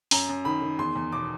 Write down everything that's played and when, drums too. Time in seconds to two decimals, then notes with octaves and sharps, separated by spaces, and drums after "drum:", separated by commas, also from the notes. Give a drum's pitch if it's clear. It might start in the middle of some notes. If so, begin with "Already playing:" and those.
0.11 F#2 A#5, drum: open hi-hat
0.29 F#2
0.45 D#3 B5
0.62 D#3
0.79 E2 C6
0.96 E2
1.12 B2 D6